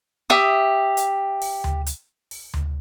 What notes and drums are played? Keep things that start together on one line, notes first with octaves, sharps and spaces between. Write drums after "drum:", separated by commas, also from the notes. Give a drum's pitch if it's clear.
G4 E5 D#6
drum: hi-hat
drum: open hi-hat
drum: tom D2
drum: hi-hat
drum: open hi-hat
drum: tom D2